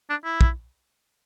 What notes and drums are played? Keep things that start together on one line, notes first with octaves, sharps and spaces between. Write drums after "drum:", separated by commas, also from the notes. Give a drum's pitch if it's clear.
D4
E4
drum: kick